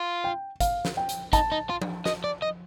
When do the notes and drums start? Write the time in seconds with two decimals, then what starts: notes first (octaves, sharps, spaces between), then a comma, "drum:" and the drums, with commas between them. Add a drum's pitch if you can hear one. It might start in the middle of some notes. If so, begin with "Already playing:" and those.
Already playing: F4
0.24 G5
0.60 F5, drum: kick, hi-hat
0.85 drum: snare
0.97 G5
1.09 drum: hi-hat
1.33 D#4 A5, drum: kick, hi-hat
1.52 D#4
1.70 F4
1.82 drum: tom F3
2.06 D#5, drum: snare
2.24 D5
2.42 D#5